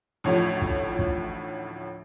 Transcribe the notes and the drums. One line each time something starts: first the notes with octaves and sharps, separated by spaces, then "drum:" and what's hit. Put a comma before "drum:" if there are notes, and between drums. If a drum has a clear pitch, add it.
A1 D2 A2 F3 D#4 C#5
drum: kick
drum: kick